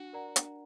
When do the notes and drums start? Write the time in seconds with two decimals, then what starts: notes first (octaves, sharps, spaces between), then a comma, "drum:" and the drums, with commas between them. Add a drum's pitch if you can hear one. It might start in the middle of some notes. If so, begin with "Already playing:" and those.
Already playing: D4 F#4
0.13 A#4 D5 F#5 A#5
0.36 D4, drum: hi-hat